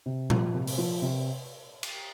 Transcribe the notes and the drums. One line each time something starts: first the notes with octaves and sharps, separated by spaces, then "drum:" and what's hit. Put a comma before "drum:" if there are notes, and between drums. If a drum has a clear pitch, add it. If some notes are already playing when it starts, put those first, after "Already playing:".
C3
F3, drum: tom A#2
C3
drum: open hi-hat
F3
C3
drum: cymbal